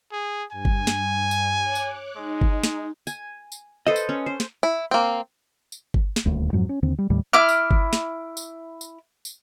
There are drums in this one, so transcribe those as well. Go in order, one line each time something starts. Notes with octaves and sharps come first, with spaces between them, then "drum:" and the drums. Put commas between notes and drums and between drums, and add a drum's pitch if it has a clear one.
G#4
G2 G#5
drum: kick G1
drum: snare
drum: tambourine
C#5 D6 F#6
drum: tambourine
G#3 D#4
drum: kick G1
drum: snare
G#5, drum: tambourine
drum: tambourine
A4 B4 C5 D#5
drum: tambourine
C#4
C5
drum: snare
E4
A#3 C4
drum: tambourine
drum: kick G1
drum: snare
D#1 D2
F2 G#2 F#3
C#4
D#2 D3 C4
G3
D#2 A2 G3
E4 D6 F6
drum: tambourine
drum: kick G1
drum: snare
drum: tambourine
drum: tambourine
drum: tambourine